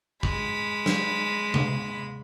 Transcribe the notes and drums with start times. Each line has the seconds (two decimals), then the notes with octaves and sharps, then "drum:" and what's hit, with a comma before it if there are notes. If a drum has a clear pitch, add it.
0.23 G#3 B5, drum: kick
0.86 drum: snare
1.54 drum: tom C3